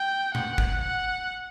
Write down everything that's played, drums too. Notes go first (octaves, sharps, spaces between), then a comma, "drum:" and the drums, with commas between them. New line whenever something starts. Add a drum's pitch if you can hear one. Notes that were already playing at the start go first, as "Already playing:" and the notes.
Already playing: G5
F#5, drum: tom A#2
drum: kick
F#5